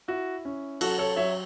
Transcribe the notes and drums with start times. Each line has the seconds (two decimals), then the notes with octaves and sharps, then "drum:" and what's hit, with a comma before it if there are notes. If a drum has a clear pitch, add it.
0.08 E4 F#4
0.45 C#4
0.81 F#3 F#4 A4, drum: cymbal
0.98 A4 C#5
1.16 F#3 C#5 E5